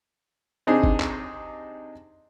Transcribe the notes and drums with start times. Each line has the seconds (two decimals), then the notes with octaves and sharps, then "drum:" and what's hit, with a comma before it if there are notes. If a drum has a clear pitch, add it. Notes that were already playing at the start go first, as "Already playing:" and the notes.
0.67 C3 C4 D4 D#4 G#4
0.83 drum: kick G#1
1.00 drum: clap